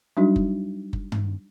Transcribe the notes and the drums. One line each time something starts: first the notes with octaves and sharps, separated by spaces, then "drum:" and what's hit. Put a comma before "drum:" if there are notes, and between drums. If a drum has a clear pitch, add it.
F#3 G3 D4 D#4 F#4
drum: kick F#1
drum: kick F#1
drum: tom G2